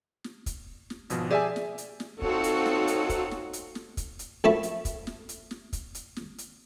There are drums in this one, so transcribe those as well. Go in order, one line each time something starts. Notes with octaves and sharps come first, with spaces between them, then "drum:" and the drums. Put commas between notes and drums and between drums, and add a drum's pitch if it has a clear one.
drum: snare
drum: kick, hi-hat
drum: snare
G#1 B2 F3, drum: hi-hat
G4 G#4 D5 E5 G#5 A5
drum: snare
drum: hi-hat
drum: snare
C4 D#4 F4 F#4 A4 C#5, drum: kick
drum: hi-hat
drum: snare
drum: hi-hat
drum: kick, hi-hat
drum: snare
drum: hi-hat
drum: snare
drum: kick, hi-hat
drum: hi-hat
A#1 F#2 F3 A3 A5 B5
drum: hi-hat
drum: kick, hi-hat
drum: snare
drum: hi-hat
drum: snare
drum: kick, hi-hat
drum: hi-hat
drum: snare
drum: hi-hat